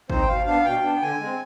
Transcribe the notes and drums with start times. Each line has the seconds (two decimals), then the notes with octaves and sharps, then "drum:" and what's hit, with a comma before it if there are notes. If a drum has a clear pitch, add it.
0.10 C4 D#4 C5, drum: kick
0.22 G5
0.28 B2 F5
0.46 B3 D4 F5
0.65 B2 G5
0.84 B3 D4
1.02 D3 G#5
1.20 G#3 C4